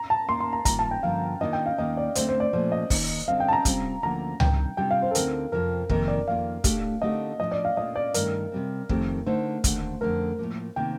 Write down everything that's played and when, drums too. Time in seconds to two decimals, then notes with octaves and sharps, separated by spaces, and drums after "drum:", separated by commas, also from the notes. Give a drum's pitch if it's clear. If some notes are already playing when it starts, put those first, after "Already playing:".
Already playing: A#5
0.10 A5
0.28 D#2 D#3 A#3 C6
0.40 C6
0.53 A#5
0.65 G2 D#3 A#3 F4 A#5, drum: kick, hi-hat
0.79 A5
0.91 G5
1.03 G2 D3 F3 A#3 F5
1.41 D#3 A#3 D4 F4 D#5
1.53 G5
1.66 F5
1.78 D#2 D#3 A#3 D#5
1.97 D5
2.15 D2 D3 A3 C4 C5, drum: hi-hat
2.29 C5
2.40 D5
2.53 A#2 F3 A3 C5
2.72 D#5
2.90 D#2 D#3 A#3 D#4, drum: kick, open hi-hat
3.28 D3 G3 C4 F5
3.40 G5
3.48 A5
3.53 A#5
3.65 C3 G3 C4 F4, drum: kick, hi-hat
4.03 D2 D3 F3 A#3 A#5
4.40 C3 D#3 G3 D4 G5, drum: tom C#2
4.77 C3 G3 D4 F4 G5
4.91 F5
5.02 C5
5.11 A4
5.15 D2 D3 A3 C4 D#4 A#4, drum: hi-hat
5.52 F2 C3 F3 A#4
5.90 F2 C3 D#3 A#3 D#4 A#4, drum: kick
6.08 D5
6.27 F2 D#3 A#3 F4 F5
6.64 A2 A3 D4 G4, drum: kick, hi-hat
7.02 D3 A3 C4 D#4 G4 D#5
7.40 A2 F3 A3 D4 D#5
7.51 D5
7.65 F5
7.76 A#2 A3 D4 F4 D#5
7.96 D5
8.14 G2 D#3 A3 A#4, drum: hi-hat
8.52 C3 G3 C4
8.89 F2 D#3 A3 C4 G4, drum: kick
9.26 D3 A3 D#4 C5
9.64 D#2 D3 A3 D4, drum: kick, hi-hat
10.01 F2 D3 A3 A#4
10.39 A2 F3 A#3
10.76 C3 D#3 A#3 G5